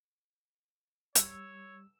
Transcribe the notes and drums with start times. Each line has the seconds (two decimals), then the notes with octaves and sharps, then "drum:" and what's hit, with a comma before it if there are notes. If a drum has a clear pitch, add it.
1.15 G3 C#5 E6, drum: hi-hat